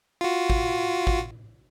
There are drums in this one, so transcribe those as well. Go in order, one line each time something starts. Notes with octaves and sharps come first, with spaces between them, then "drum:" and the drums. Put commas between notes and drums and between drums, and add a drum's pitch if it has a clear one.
F4 F#4
drum: kick G#1
drum: kick G#1